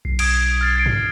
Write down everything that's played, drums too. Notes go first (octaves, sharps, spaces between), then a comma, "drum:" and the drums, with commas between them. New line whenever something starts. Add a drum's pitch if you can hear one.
B1 C7
D#6 G#6 D7, drum: cymbal
F6 A6 C7
G#6 C7 D7
drum: tom